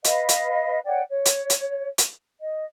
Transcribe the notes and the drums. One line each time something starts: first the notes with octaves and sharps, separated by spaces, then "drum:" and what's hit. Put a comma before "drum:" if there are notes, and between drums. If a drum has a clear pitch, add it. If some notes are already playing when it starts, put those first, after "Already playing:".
B4 D#5 F5, drum: hi-hat
drum: hi-hat
C#5 D5 F#5 G5
C#5
drum: hi-hat
drum: hi-hat
drum: hi-hat
D#5